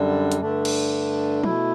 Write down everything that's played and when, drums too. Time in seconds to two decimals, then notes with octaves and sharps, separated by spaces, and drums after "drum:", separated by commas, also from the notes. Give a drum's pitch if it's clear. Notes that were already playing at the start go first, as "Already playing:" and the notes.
Already playing: F#2 D3 G3 D4
0.32 drum: hi-hat
0.41 G2 D3 A3 D4
0.65 drum: cymbal
1.44 B2 A3 E4, drum: tom